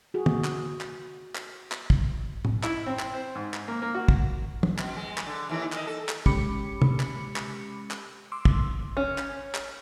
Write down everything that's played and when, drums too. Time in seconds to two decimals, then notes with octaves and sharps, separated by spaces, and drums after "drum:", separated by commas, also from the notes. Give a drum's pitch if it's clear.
0.14 F#4 G#4
0.26 drum: tom
0.44 drum: clap
0.81 drum: clap
1.35 drum: clap
1.72 drum: clap
1.90 drum: kick
2.45 drum: tom
2.63 E4, drum: clap
2.86 C4
2.99 drum: clap
3.14 C5
3.35 G#2
3.54 drum: clap
3.68 A#3
3.82 A#3
3.95 F#4
4.08 drum: kick
4.63 drum: tom
4.78 B2, drum: clap
4.96 G#3
5.18 drum: clap
5.27 D3
5.49 D#2 E3 D#4
5.72 D#3 D#5, drum: clap
5.87 A4
6.09 drum: clap
6.26 G#3 C#4 G4 B5 D6 C#7, drum: kick
6.82 drum: tom
7.00 drum: clap
7.36 drum: clap
7.91 drum: clap
8.32 C6 D6 E6
8.45 drum: kick
8.97 C#4
9.18 drum: clap
9.55 drum: clap